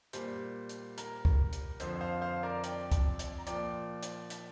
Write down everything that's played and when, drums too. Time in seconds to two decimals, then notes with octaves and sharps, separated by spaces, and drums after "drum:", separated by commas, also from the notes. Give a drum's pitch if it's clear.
0.13 A#2 G3 C5, drum: hi-hat
0.69 drum: hi-hat
0.98 A#4, drum: hi-hat
1.25 drum: kick C#2
1.53 drum: hi-hat
1.80 F2 D3 F3 C5, drum: hi-hat
2.01 C5 F5
2.22 C5 F5
2.43 A#4 D5
2.64 D5 G5, drum: hi-hat
2.92 drum: kick C#2, hi-hat
3.19 drum: hi-hat
3.39 A#5
3.47 A#2 F3 D5 G5, drum: hi-hat
4.03 drum: hi-hat
4.30 drum: hi-hat